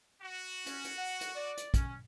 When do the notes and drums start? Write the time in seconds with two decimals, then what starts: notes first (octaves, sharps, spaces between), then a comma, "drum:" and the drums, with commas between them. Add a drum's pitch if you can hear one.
0.22 F#4
0.66 C#4, drum: hi-hat
0.85 drum: hi-hat
0.98 F#5
1.21 drum: hi-hat
1.35 D5
1.57 drum: hi-hat
1.74 C#4, drum: kick, hi-hat